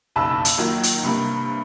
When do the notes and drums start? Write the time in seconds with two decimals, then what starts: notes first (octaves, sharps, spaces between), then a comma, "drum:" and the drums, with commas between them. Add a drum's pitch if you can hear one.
0.16 F#1 B1 A5 B5 E6
0.45 drum: hi-hat
0.57 D#3 F#3 A#3 F4
0.83 drum: hi-hat
1.03 G2 C3 G3 A#3